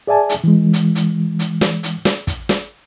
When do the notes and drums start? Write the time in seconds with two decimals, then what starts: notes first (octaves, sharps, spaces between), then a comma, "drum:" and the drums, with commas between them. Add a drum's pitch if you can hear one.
0.07 G#4 D5 E5 G#5 A5
0.29 drum: hi-hat
0.44 E3 G#3
0.73 drum: hi-hat
0.95 drum: hi-hat
1.39 drum: hi-hat
1.61 drum: snare
1.83 drum: hi-hat
2.05 drum: snare
2.27 drum: kick, hi-hat
2.49 drum: snare